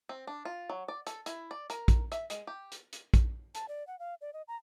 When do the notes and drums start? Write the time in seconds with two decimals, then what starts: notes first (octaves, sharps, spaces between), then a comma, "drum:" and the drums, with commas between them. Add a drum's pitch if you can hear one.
0.09 C4
0.27 D4
0.45 F4
0.69 F#3
0.88 D5
1.07 A4, drum: hi-hat
1.26 E4, drum: hi-hat
1.51 D5
1.70 A#4, drum: hi-hat
1.88 drum: kick A#1, hi-hat
2.12 E5, drum: hi-hat
2.30 G#3, drum: hi-hat
2.47 G4
2.72 drum: hi-hat
2.93 drum: hi-hat
3.14 drum: kick A#1, hi-hat
3.55 A5, drum: hi-hat
3.69 D5
3.87 F#5
3.99 F5
4.21 D5
4.33 D#5
4.48 A#5